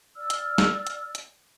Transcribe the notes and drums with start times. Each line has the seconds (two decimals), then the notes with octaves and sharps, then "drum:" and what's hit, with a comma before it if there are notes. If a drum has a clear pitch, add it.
0.16 D5 E6 F6
0.30 drum: hi-hat
0.58 drum: snare
0.87 drum: hi-hat
1.15 drum: hi-hat